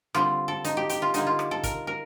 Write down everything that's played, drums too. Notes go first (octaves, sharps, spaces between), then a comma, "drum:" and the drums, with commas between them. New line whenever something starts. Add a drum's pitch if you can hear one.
D3 G3 C4 F4, drum: rim click
A4
D#4, drum: hi-hat
G4
G4, drum: hi-hat
F4
D3 G3 A#3 D#4, drum: hi-hat
F4
drum: rim click
A4
A#4, drum: kick, hi-hat
A#4